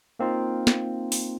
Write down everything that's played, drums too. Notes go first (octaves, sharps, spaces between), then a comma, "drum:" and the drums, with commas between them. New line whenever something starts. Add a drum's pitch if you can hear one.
A#3 C4 D#4 F4
drum: snare
drum: open hi-hat